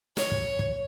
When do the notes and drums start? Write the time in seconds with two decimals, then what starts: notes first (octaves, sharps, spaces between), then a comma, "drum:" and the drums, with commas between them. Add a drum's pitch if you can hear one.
0.17 C#5, drum: snare
0.31 drum: kick
0.59 drum: kick